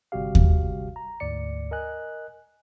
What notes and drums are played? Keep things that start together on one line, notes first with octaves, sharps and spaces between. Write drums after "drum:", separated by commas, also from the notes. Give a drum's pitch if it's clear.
G1 C3 G3 F#4 G4 F5
drum: kick D#2
A#5
D2 G#2 D5 C#7
A#4 D#5 G#5 F#6